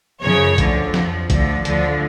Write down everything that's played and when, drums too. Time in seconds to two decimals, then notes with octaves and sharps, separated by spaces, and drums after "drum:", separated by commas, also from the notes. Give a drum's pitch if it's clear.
0.22 F#2 C#3 F3 C#5
0.58 D2 D3 F3, drum: kick, hi-hat
0.94 F2 F3, drum: snare
1.30 D2 D3 F3, drum: kick, hi-hat
1.65 D2 D3 F3, drum: hi-hat